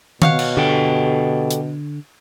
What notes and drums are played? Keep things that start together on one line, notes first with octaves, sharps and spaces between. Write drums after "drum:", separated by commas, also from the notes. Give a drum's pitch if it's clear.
B2 C#5 F5 F#5, drum: tom D#3
drum: cymbal
D3 G4 A4 G5
drum: hi-hat